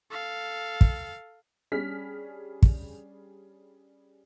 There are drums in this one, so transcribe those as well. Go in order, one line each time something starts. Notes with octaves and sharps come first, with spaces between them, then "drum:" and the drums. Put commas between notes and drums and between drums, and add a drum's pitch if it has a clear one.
A4 F5
drum: kick
G3 C#4 D4 G#4 F6 B6
drum: kick